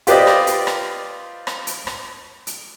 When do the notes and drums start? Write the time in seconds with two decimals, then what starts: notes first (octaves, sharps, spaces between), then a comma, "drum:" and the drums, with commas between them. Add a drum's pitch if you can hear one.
0.07 F4 G4 B4 C5 D5 D#5, drum: hi-hat
0.27 drum: rim click
0.47 drum: hi-hat
0.67 drum: rim click
1.47 drum: rim click
1.67 drum: hi-hat
1.87 drum: rim click
2.47 drum: hi-hat